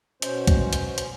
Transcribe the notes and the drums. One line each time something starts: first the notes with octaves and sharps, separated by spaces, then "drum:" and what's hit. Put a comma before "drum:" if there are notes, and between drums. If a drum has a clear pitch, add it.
B2 C#4 C5, drum: hi-hat
drum: kick C2, hi-hat
drum: hi-hat
drum: hi-hat